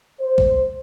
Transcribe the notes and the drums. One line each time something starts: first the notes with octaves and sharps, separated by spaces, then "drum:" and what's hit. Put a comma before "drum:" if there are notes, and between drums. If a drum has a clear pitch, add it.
C5
drum: kick C2